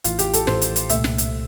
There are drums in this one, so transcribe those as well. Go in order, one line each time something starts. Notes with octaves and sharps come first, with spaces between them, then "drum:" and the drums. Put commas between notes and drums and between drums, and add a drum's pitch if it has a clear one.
A1 A2 E3 F4, drum: hi-hat
G4, drum: hi-hat
A4, drum: hi-hat
A1 A2 E3 C5, drum: snare
drum: hi-hat
drum: hi-hat
C2 A#2 A3 E5, drum: hi-hat
drum: snare
drum: hi-hat